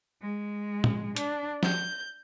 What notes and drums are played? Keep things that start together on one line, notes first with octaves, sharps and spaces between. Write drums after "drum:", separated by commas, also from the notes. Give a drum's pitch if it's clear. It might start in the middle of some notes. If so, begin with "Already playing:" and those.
G#3
drum: tom
D4, drum: hi-hat
G6, drum: snare F3